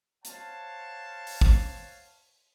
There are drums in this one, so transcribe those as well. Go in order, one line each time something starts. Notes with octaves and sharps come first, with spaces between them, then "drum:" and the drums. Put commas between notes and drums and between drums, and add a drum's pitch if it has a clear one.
C5 C#5 F5 F#5 A5, drum: hi-hat
drum: open hi-hat
drum: kick